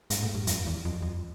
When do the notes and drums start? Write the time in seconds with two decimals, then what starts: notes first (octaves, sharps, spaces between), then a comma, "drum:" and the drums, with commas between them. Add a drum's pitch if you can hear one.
0.10 G#2, drum: hi-hat
0.23 A2
0.35 G2
0.47 F2, drum: hi-hat
0.67 E2
0.85 F2
1.02 F2